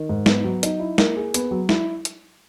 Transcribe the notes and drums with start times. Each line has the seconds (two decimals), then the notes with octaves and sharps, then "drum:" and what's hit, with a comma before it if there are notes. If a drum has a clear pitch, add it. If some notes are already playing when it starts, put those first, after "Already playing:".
Already playing: D#3
0.09 G#2
0.26 B3, drum: snare
0.44 F#3
0.63 D#4, drum: hi-hat
0.80 E4
0.98 A#3, drum: snare
1.17 G#4
1.34 B3, drum: hi-hat
1.51 F#3
1.69 E4, drum: snare
2.05 drum: hi-hat